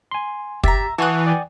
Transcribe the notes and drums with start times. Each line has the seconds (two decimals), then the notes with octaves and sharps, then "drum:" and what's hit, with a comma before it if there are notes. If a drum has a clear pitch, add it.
0.11 G#5 C6
0.64 G4 E5 A#5 A6 B6, drum: kick
0.98 E3 F#4 A5 C#6 D#6 F#6
1.27 D5 G5 G#5